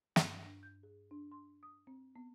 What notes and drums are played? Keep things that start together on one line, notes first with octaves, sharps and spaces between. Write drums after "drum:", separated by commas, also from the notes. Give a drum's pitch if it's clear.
G2, drum: snare
D4
G6
G#4
D4
C6
D#6
C4
B3